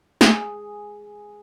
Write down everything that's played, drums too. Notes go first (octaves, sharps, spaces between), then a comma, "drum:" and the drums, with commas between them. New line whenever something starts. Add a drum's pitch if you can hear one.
G#4, drum: snare